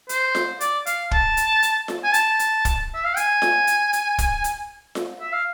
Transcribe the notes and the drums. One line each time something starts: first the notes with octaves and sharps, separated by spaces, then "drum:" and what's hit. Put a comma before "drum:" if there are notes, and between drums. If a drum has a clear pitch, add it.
C5, drum: hi-hat
drum: snare F4
D5, drum: hi-hat
F5, drum: hi-hat
A5, drum: kick
drum: hi-hat
drum: hi-hat
drum: snare F4
G#5
A5, drum: hi-hat
drum: hi-hat
drum: kick, hi-hat
E5
F5
G#5, drum: hi-hat
drum: snare F4
drum: hi-hat
drum: hi-hat
drum: kick, hi-hat
drum: hi-hat
drum: snare F4
E5
F5